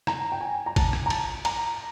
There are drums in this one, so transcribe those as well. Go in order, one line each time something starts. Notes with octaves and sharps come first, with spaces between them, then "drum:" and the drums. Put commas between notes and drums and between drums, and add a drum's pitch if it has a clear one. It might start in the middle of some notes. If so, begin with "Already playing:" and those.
A#5, drum: rim click
G5
G#5
A#5
A5, drum: kick G#1, cymbal
drum: rim click
A#5
A5, drum: cymbal
A#5, drum: cymbal